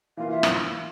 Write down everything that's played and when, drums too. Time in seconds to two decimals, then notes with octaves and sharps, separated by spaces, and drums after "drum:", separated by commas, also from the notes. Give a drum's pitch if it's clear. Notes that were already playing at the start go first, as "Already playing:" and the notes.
0.17 E3 A#3 F4 F5
0.31 E5
0.43 drum: rim click